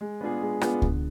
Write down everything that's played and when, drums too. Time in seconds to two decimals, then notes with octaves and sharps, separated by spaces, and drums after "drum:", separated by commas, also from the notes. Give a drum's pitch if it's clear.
0.01 G#3
0.21 B3 D4 F4 G#4
0.41 G#3
0.61 B3 D4 F4 G#4, drum: rim click
0.82 D3, drum: kick C#2